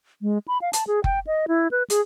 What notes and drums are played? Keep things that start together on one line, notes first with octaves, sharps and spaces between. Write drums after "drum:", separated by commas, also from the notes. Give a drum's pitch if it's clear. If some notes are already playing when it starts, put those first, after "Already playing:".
G#3
B5
F5
A5, drum: hi-hat
G#4
G5, drum: kick F#1
D#5
E4
B4
G#4, drum: hi-hat